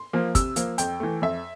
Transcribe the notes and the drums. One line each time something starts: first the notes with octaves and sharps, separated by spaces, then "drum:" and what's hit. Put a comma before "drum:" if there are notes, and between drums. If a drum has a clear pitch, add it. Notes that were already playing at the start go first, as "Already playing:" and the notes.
Already playing: C6
F3 A#3
C3 E6, drum: kick, hi-hat
F3 A#3, drum: hi-hat
F2 G5, drum: hi-hat
E3 A3
F2 E5